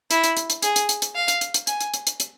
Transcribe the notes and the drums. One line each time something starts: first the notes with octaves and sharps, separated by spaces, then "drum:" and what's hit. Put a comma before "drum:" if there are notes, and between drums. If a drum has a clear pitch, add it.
E4, drum: hi-hat
drum: hi-hat
drum: hi-hat
drum: hi-hat
G#4, drum: hi-hat
drum: hi-hat
drum: hi-hat
drum: hi-hat
F5
drum: hi-hat
drum: hi-hat
drum: hi-hat
G#5, drum: hi-hat
drum: hi-hat
drum: hi-hat
drum: hi-hat
drum: hi-hat